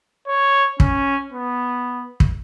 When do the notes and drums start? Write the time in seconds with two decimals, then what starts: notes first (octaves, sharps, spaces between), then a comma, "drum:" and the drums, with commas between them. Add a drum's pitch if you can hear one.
0.28 C#5
0.80 C#4, drum: kick
1.32 B3
2.20 drum: kick